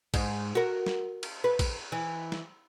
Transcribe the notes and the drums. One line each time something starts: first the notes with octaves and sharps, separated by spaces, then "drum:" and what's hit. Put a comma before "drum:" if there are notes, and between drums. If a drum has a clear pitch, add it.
G#2, drum: kick, cymbal
F#4 A#4
drum: snare
drum: cymbal
B4
drum: kick, cymbal
E3
drum: snare